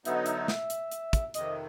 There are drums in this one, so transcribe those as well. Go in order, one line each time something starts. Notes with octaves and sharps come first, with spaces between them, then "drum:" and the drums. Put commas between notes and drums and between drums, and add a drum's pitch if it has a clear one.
D3 F#3 B3 D#4 E5, drum: hi-hat
D#5
E5, drum: hi-hat
drum: snare
drum: hi-hat
drum: hi-hat
drum: kick, hi-hat
F2 C3 D#3 D#5, drum: hi-hat